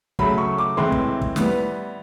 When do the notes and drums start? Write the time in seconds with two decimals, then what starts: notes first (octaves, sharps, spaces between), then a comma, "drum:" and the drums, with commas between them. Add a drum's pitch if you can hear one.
0.19 C#3 F#3 A3 B5, drum: kick
0.38 C#6
0.58 D6
0.77 A2 E3 G#3 C4 C6
0.92 drum: kick
1.22 drum: kick
1.36 E3 G3 B3, drum: snare